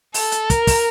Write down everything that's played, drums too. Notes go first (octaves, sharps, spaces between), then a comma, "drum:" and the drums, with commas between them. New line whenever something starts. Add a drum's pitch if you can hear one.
A4, drum: open hi-hat
drum: hi-hat
A#4, drum: kick, hi-hat
drum: kick, open hi-hat